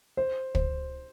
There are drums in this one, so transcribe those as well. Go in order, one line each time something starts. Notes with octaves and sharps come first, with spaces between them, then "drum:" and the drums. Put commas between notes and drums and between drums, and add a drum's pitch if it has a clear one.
C5
C5, drum: kick